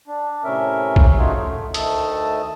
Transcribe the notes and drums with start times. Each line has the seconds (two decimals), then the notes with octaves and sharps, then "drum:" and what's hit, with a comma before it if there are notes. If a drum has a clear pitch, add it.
0.08 D4
0.44 A2 C3 C#4 A#4 E5
0.96 drum: kick
1.18 A3 C#4 D#4 F4 F#4 G#4
1.37 A3
1.74 D2 D#3 A3 A5 D#6 E6, drum: hi-hat